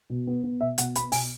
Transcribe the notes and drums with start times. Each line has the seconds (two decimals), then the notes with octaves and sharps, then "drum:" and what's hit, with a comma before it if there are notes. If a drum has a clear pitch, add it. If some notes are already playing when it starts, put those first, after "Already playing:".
0.10 B2
0.27 B3
0.44 B3
0.61 B2 E5
0.78 B2 F#5, drum: hi-hat
0.95 B3 B5, drum: hi-hat
1.12 B2 G#5, drum: open hi-hat